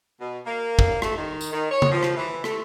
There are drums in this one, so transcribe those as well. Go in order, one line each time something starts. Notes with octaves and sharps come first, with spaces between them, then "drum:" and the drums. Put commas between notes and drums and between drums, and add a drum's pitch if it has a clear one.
B2
A#3
drum: kick
A3, drum: rim click
D#3
drum: tambourine
D#3
C#5
drum: tom C#3
F3
drum: rim click
E3
A3, drum: rim click